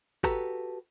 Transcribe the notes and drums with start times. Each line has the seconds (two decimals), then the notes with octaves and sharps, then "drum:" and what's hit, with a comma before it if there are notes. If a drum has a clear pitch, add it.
0.24 F#4 G4 A4 B4 A#5, drum: kick